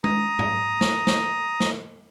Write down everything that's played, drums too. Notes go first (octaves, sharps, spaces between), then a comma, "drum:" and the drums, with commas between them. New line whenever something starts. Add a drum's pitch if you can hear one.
A#5 D#6, drum: tom G#3
drum: tom G#2
drum: snare
drum: snare
drum: snare